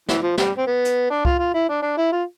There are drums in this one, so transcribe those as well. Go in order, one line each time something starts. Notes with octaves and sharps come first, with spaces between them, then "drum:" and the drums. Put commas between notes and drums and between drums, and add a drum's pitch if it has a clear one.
E3, drum: snare
F3
G3, drum: snare
C4
B3
drum: hi-hat
D4
F4, drum: kick C2
F4
E4
D4
D4
E4
F4